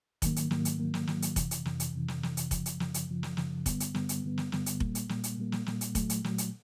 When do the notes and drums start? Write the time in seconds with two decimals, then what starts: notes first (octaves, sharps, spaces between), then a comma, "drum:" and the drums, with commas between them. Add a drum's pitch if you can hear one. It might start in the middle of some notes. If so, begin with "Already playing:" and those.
0.22 G#2 D#3 F#3 A#3, drum: kick F1, hi-hat
0.36 drum: hi-hat
0.51 G#2 D#3 F#3 A#3, drum: snare
0.65 drum: hi-hat
0.79 G#2 D#3 F#3 A#3
0.94 drum: snare
1.07 G#2 D#3 F#3 A#3, drum: snare
1.22 drum: hi-hat
1.36 F2 C3 E3, drum: kick F1, hi-hat
1.51 drum: hi-hat
1.65 F2 C3 E3, drum: snare
1.80 drum: hi-hat
1.94 F2 C3 E3
2.08 drum: snare
2.23 F2 C3 E3, drum: snare
2.37 drum: hi-hat
2.51 F#2 C#3 F3, drum: kick F1, hi-hat
2.66 drum: hi-hat
2.80 F#2 C#3 F3, drum: snare
2.94 drum: hi-hat
3.09 F#2 C#3 F3
3.23 drum: snare
3.37 F#2 C#3 F3, drum: snare
3.66 G2 D3 G3 B3, drum: kick F1, hi-hat
3.80 drum: hi-hat
3.95 G2 D3 G3 B3, drum: snare
4.09 drum: hi-hat
4.24 G2 D3 G3 B3
4.38 drum: snare
4.52 G2 D3 G3 B3, drum: snare
4.66 drum: hi-hat
4.80 A#2 G3 A#3, drum: kick F1
4.95 drum: hi-hat
5.09 A#2 G3 A#3, drum: snare
5.24 drum: hi-hat
5.37 A#2 G3 A#3
5.52 drum: snare
5.66 A#2 G3 A#3, drum: snare
5.81 drum: hi-hat
5.95 A#2 F#3 A3, drum: kick F1, hi-hat
6.10 drum: hi-hat
6.24 A#2 F#3 A3, drum: snare
6.38 drum: hi-hat